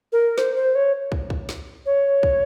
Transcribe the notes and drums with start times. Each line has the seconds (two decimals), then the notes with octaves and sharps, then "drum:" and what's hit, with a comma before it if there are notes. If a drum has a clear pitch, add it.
0.12 A#4
0.38 C5, drum: snare
0.56 C5
0.75 C#5
1.12 drum: kick
1.30 drum: kick
1.49 drum: snare
1.86 C#5
2.23 drum: kick